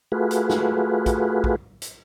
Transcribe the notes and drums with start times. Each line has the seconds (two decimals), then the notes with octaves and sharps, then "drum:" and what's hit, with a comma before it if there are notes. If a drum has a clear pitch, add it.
0.12 A3 F4 F#4 G#4 B4
0.31 drum: hi-hat
0.50 drum: snare
1.06 drum: kick, hi-hat
1.44 drum: kick
1.82 drum: hi-hat